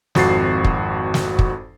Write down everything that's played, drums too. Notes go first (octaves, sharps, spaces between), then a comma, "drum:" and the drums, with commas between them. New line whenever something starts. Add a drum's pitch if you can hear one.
G#1 F2 F#4 A6 C7, drum: snare
drum: kick
drum: snare
drum: kick